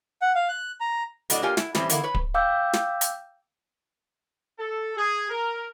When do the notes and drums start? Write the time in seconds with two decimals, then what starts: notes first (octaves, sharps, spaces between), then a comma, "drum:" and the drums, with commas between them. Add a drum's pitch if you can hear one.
0.22 F#5
0.35 F5
0.49 F#6
0.81 A#5
1.30 A2 F#3 D4 D5 D#5, drum: hi-hat
1.42 A#3 F4 G4 C#5 G#5
1.57 E4, drum: snare
1.75 A2 E3 G3 C4 C#4, drum: snare
1.90 E2 D3 A#3 E4, drum: hi-hat
2.04 B4 C#5
2.14 drum: kick D1
2.34 F5 G5 D6 E6 G6
2.73 drum: snare
3.01 drum: hi-hat
4.59 A4
4.96 G#4
5.29 A#4